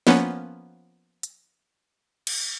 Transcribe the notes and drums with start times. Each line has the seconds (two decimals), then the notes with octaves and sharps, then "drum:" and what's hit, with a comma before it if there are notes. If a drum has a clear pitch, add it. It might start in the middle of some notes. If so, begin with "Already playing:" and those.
0.07 F3 A#3 B3 C#4, drum: snare
1.23 drum: hi-hat
2.27 drum: cymbal